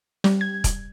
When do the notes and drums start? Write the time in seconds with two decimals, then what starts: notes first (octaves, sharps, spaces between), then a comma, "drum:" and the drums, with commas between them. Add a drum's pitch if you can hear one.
0.24 G3, drum: snare
0.41 G#6
0.64 drum: kick, hi-hat